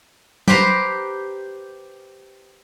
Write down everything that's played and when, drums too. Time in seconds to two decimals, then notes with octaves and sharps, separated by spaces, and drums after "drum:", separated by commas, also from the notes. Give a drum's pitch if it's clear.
0.48 G4 B4 C5 A#5, drum: tom F#3